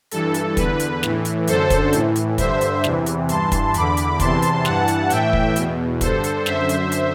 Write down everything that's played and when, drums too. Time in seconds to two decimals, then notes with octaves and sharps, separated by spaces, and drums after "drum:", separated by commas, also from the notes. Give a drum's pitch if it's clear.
0.12 G2 E3 A4, drum: hi-hat
0.34 drum: hi-hat
0.57 E2 D3 B4, drum: kick, hi-hat
0.80 drum: hi-hat
1.03 A2 E3, drum: snare
1.25 drum: hi-hat
1.48 F#2 D3 A4 C5, drum: hi-hat
1.70 drum: kick, hi-hat
1.93 A2 E3, drum: hi-hat
2.16 drum: hi-hat
2.38 G2 D3 C5 E5, drum: kick, hi-hat
2.61 drum: hi-hat
2.84 E2 C3 E3, drum: snare
3.06 drum: hi-hat
3.29 G2 E3 A5 C6, drum: hi-hat
3.52 drum: kick, hi-hat
3.74 E2 D3 B5 D6, drum: hi-hat
3.97 drum: hi-hat
4.20 E2 C3 E3 A5 C6, drum: kick, hi-hat
4.42 drum: hi-hat
4.65 G2 E3 F#5 A5, drum: snare
4.88 drum: hi-hat
5.10 A2 E3 E5 G5, drum: hi-hat
5.33 drum: kick
5.56 E2 B2, drum: hi-hat
6.01 G2 D3 A4 C5, drum: kick, hi-hat
6.24 drum: hi-hat
6.46 F#2 D3 C5 E5, drum: snare
6.69 drum: hi-hat
6.92 drum: hi-hat